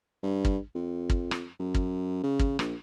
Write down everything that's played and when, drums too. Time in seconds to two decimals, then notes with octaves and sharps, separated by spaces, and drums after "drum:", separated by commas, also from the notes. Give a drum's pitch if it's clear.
0.23 G2
0.45 drum: kick
0.75 F2
1.10 drum: kick
1.31 drum: rim click
1.60 F#2
1.75 drum: kick
2.23 C#3
2.39 drum: kick
2.59 A#1, drum: rim click